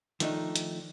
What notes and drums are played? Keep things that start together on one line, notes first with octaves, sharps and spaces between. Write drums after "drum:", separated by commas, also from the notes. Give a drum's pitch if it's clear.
D#3 F3 A3 D4 D#4, drum: hi-hat
drum: hi-hat